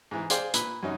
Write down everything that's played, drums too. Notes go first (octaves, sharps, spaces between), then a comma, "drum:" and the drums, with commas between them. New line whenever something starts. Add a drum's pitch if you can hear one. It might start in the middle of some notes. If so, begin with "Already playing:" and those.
G#2 E3
G#4 C5 D5 F5 G5 C6, drum: hi-hat
A#2 B4 B5, drum: hi-hat
F#2 F#3 C#4 D#4